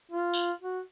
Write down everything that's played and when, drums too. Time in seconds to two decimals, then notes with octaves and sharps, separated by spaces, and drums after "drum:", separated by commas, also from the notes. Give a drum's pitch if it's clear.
0.12 F4
0.34 drum: tambourine
0.62 F#4